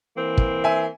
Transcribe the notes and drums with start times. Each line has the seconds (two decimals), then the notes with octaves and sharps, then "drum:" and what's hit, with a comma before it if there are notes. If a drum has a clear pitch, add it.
0.17 E3 A#3 C4
0.38 drum: kick
0.64 E5 G#5